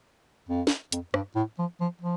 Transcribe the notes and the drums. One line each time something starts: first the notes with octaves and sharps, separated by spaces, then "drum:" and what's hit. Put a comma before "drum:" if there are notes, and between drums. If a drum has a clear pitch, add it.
F2
drum: snare
F2, drum: hi-hat
G2, drum: rim click
A2
F3
F3
F3